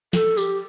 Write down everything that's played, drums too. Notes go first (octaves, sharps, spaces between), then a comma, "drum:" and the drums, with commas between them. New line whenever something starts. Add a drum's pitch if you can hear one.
A4, drum: snare
G4, drum: tambourine